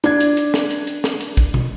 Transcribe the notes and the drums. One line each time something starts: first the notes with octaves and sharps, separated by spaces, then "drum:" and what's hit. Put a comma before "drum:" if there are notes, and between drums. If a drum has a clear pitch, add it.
D4 G#6, drum: hi-hat
drum: hi-hat
drum: hi-hat
drum: snare
drum: hi-hat
drum: hi-hat
drum: snare
drum: hi-hat
drum: kick, hi-hat
drum: tom